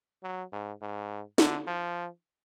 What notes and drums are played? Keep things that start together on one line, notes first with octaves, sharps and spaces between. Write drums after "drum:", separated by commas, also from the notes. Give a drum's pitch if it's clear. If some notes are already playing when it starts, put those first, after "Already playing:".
F#3
G#2
G#2
D3, drum: snare
F3